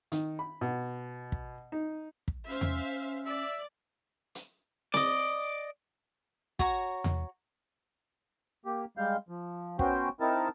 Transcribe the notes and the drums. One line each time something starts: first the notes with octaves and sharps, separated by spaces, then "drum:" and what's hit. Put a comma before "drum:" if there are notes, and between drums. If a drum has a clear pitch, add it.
D#3, drum: hi-hat
B5
B2
drum: kick
D#4
drum: kick
C#4 C5 E5 F5
drum: tom E2
D5 E5
drum: hi-hat
D5 D#5, drum: snare C4
F#4 C#5 A#5, drum: kick
drum: tom E2
A#3 G4
G3 G#3 F5 G6
F3
B3 C#4 F#4 C5 G5, drum: kick
C4 D#4 E4 A#4 A5